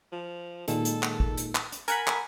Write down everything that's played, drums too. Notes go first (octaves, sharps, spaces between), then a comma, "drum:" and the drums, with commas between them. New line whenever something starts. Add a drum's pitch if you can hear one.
F3
A#2 D#3 G#3 A4, drum: hi-hat
drum: hi-hat
drum: clap
drum: kick
drum: hi-hat
drum: clap
drum: hi-hat
A#4 F#5 G#5 B5, drum: hi-hat
drum: clap